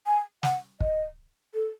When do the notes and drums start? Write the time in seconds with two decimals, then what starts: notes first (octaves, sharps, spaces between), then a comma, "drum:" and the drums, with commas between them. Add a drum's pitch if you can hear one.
0.07 G#5
0.43 F#5, drum: snare
0.80 D#5, drum: kick
1.54 A4